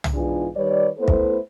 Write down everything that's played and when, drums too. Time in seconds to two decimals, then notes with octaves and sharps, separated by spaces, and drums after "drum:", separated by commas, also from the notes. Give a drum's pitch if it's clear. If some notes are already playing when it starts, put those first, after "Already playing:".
0.04 drum: tom
0.14 G#2 E3 B3 D4 F4 G#4
0.56 D#3 G3 B4 C#5 D5
0.99 A3 B3 E4 A4 B4 C5
1.08 drum: kick